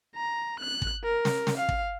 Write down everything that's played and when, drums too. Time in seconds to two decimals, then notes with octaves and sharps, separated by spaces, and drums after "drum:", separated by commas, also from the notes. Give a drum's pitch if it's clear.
0.16 A#5
0.60 F#6
0.82 drum: kick
1.04 A#4
1.25 drum: snare
1.47 drum: snare
1.58 F5
1.69 drum: kick